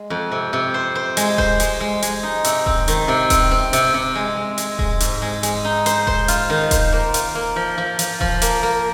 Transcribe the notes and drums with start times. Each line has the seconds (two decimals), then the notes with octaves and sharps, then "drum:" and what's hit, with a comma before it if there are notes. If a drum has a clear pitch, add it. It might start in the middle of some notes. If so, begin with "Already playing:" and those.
Already playing: G#3
0.10 F2
0.32 C3
0.53 C3
0.74 C5
0.95 C5
1.17 G#3, drum: hi-hat
1.38 C5, drum: kick D#1
1.60 G#3, drum: hi-hat
1.80 G#3
2.02 G#3, drum: hi-hat
2.23 D#4
2.44 C3, drum: hi-hat
2.66 C4, drum: kick D#1
2.88 D#3, drum: hi-hat
3.08 C3
3.30 C4, drum: kick D#1, hi-hat
3.51 C4
3.73 C3, drum: hi-hat
3.94 C3
4.15 G#3
4.37 G#3
4.58 G#3, drum: hi-hat
4.79 G#3, drum: kick D#1
5.00 G#2, drum: hi-hat
5.22 G#3
5.43 G#3, drum: hi-hat
5.65 D#4
5.86 C5, drum: hi-hat
6.07 C5, drum: kick D#1
6.28 F4, drum: hi-hat
6.50 D#3
6.71 C5, drum: kick D#1, hi-hat
6.93 A#3
7.14 F4, drum: hi-hat
7.35 A#3
7.56 F3
7.78 F3
7.99 F3, drum: hi-hat
8.21 F3, drum: kick D#1
8.42 A#3, drum: hi-hat
8.63 A#3